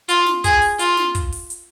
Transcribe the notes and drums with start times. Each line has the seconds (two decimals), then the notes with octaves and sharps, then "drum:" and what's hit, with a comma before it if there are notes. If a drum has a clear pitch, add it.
0.09 F4, drum: hi-hat
0.26 drum: snare
0.44 G#4, drum: kick, hi-hat
0.62 drum: open hi-hat
0.79 F4, drum: hi-hat
0.97 drum: snare
1.15 drum: kick, hi-hat
1.32 drum: open hi-hat
1.50 drum: hi-hat